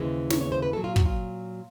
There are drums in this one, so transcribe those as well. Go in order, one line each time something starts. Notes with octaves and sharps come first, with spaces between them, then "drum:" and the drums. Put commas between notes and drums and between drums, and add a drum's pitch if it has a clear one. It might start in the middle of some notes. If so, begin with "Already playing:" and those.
Already playing: D#2 C#3 E3 G#3 C5
C#5, drum: snare
C#5
C5
B4
A#2 F#3 A4
F4
F#4, drum: kick
F4